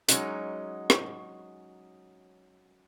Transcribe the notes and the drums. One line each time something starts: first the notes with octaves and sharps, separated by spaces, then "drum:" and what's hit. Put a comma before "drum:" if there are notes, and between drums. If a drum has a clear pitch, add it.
F#3 G#3 A#3 C#4 D#4 F#4, drum: hi-hat
drum: rim click